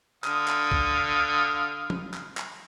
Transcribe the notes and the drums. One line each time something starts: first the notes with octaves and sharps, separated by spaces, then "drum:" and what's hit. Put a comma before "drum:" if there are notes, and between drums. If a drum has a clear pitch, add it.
D3 F5 D#6, drum: clap
drum: clap
drum: kick C2
drum: tom F3
drum: clap
drum: clap